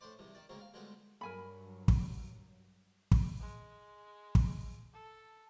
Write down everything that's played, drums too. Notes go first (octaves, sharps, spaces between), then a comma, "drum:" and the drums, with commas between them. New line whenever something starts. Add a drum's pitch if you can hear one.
A2 D4 C5 D5
E2 G2 C3
D#3 D5
D2 G#2 C#3 A#3 C4
F5
D2 G3 G#3 B3 C4
G2 F#3 A#4 G#5 B5
drum: kick
drum: kick
G#3
drum: kick
A4